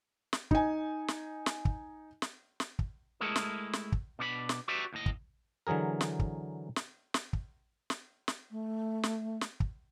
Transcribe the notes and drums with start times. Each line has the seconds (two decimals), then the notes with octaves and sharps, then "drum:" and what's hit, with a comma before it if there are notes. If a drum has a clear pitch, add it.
0.33 drum: snare
0.51 D#4 G#5, drum: kick
1.08 drum: snare
1.46 drum: snare
1.65 drum: kick
2.22 drum: snare
2.60 drum: snare
2.79 drum: kick
3.21 G#3 A3 E4 G#4 A#4
3.36 drum: snare
3.73 drum: snare
3.92 drum: kick
4.19 B2 D4 C#5 B5
4.49 drum: snare
4.68 F#4 G4 B4 D5 E5
4.93 D#2 A2 D#5
5.06 drum: kick
5.67 D3 E3 F#3 G#4 A#4
6.01 drum: snare
6.19 drum: kick
6.76 drum: snare
7.14 drum: snare
7.33 drum: kick
7.90 drum: snare
8.28 drum: snare
8.51 A3
9.03 drum: snare
9.41 drum: snare
9.60 drum: kick